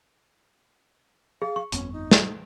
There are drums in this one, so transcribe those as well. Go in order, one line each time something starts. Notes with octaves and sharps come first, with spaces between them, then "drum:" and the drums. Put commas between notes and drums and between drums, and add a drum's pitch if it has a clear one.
G#4 F5
C#6
G1 F2 B3 C#4, drum: hi-hat
D#4
drum: snare